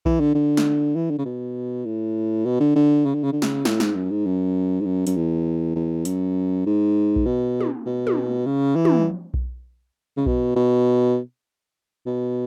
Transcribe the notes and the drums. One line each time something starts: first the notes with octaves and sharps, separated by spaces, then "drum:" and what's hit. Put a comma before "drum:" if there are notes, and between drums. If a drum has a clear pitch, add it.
E3, drum: kick B1
D3
D3
drum: snare
E3
D3
C#3
B2
A2
B2
D3
D3
C#3
D3
C#3
D3
C#3, drum: snare
A2, drum: snare
G#2, drum: snare
F#2
G#2
F#2
G#2
F#2
F#2, drum: hi-hat
E2
E2
F#2, drum: hi-hat
G#2
drum: kick B1
B2
drum: tom
B2
drum: tom
C#3
E3
drum: tom
drum: kick B1
C#3
B2, drum: kick B1
B2
B2